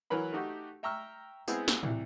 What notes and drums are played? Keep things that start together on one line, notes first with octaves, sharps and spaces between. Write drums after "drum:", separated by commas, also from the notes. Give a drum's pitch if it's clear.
E3 F#3 A#4 B4 B5
A3 D#4 F#4 G4
E5 G5 A#5 C#6 E6 F6
G#3 B3 C4 E4 G#4, drum: tambourine
drum: snare
C2 E3, drum: tom